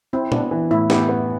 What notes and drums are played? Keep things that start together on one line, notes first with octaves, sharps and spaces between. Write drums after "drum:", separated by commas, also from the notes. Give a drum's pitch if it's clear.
C4 E4
B3 D4, drum: tom A#2
E3
A2 E4
B3 E4 G4, drum: snare
B3